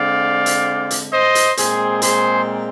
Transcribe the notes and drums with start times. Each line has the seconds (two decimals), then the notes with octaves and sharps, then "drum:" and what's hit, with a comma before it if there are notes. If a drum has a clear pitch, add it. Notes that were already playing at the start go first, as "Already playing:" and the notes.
Already playing: D3 G#3 C4 D5 F5
0.46 drum: hi-hat
0.91 drum: hi-hat
1.12 C5 D#5
1.35 drum: hi-hat
1.57 A#2 G#3 C4 G#4 C5, drum: hi-hat
2.02 G#4 C5, drum: hi-hat